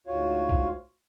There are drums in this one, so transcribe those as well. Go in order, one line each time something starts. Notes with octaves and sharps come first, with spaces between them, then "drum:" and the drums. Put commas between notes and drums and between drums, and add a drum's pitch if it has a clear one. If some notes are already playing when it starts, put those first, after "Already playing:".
D2 G#2 F4 F#4 C#5 F5
drum: kick B1